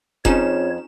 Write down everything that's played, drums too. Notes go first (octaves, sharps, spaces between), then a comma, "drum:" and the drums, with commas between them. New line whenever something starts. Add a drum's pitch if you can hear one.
F2 C4 C#4 D#4 F4 G#4 C#5 E7, drum: kick F1